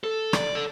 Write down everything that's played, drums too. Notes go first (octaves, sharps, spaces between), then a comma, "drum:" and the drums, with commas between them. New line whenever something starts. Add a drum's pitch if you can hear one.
A4
D5, drum: rim click
A4